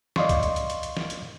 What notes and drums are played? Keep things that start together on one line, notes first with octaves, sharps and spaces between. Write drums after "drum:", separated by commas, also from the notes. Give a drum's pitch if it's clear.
D5 D#5 F5 C6 C#6, drum: snare
drum: kick C#2, hi-hat
drum: hi-hat
drum: hi-hat
drum: hi-hat
drum: hi-hat
drum: snare
drum: hi-hat